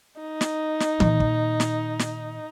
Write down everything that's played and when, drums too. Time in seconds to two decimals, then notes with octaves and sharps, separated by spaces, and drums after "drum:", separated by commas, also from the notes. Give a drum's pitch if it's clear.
0.21 D#4
0.41 drum: snare
0.80 drum: snare
1.00 A#2 D#3, drum: tom E3
1.20 drum: kick
1.60 drum: snare
1.99 drum: snare